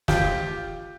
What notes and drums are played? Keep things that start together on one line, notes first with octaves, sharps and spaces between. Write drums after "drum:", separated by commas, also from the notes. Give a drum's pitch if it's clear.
F4 G4, drum: snare